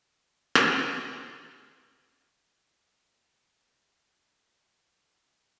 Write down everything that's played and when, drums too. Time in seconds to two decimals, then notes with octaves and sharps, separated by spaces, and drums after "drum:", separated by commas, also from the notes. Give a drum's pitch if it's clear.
0.08 B2
0.55 drum: rim click
0.77 A4
1.32 A#2 D#3 D4 D#4
4.24 G#4
4.47 G#5 A5 C#6 F#6 G6
5.41 C#6 D6 F6 G6 C7 C#7